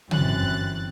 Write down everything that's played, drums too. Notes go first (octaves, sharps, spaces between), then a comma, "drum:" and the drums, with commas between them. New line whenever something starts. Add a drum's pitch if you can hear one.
G1 F#2 E3 C4 F#6 A6, drum: tom